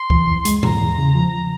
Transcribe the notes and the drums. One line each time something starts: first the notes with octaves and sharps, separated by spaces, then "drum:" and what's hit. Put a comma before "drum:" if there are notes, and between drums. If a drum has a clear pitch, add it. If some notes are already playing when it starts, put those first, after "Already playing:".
Already playing: C6
E3, drum: kick C#2
F2
G#3, drum: hi-hat
E2 A#5, drum: tom G#2
E2
C#3
F3